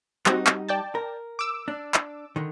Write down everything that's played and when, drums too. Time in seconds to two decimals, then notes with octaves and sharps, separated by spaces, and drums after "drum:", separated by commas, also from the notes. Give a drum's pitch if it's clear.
0.26 G3 C4 D#4 F#4, drum: clap
0.47 drum: clap
0.69 D5 G5 A5
0.95 A#4
1.39 D6 E6
1.68 D4
1.94 drum: clap
2.36 D3 D#3